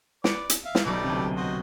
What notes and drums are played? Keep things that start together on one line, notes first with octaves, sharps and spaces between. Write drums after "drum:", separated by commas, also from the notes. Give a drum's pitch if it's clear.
B4 D5 C#7 D7, drum: snare
drum: hi-hat
E5 F5
drum: snare
B1 B2 G3 A3 D5
D2 C3
F#4 C5 D#5